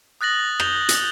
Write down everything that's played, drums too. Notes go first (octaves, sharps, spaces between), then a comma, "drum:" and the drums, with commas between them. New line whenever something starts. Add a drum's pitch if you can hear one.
D#6 F#6 A6 A#6 F#7
G6 F7 G7, drum: rim click
drum: hi-hat